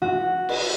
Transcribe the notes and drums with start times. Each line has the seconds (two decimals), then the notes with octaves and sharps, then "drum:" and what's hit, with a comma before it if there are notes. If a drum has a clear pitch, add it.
0.02 F#4
0.49 drum: cymbal